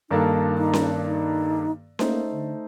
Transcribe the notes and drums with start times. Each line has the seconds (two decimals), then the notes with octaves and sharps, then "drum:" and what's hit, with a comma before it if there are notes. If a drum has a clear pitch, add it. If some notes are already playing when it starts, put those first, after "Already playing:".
0.10 G2 D#3 A#3 D4 D#4 A4
0.58 D#4
0.73 drum: snare C#4
1.05 D#4
1.99 A3 A#3 D#4 A4 C5, drum: snare C#4
2.31 D3